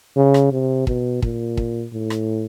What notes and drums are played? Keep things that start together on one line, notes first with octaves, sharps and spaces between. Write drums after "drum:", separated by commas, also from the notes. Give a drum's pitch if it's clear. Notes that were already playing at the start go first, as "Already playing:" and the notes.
C#3
drum: rim click
C3
B2, drum: kick
A#2, drum: kick
drum: kick
A2
drum: rim click